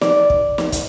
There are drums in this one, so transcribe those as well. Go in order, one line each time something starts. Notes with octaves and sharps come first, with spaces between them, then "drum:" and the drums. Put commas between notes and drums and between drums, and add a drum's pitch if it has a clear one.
D5, drum: snare
drum: kick
drum: snare
drum: kick, hi-hat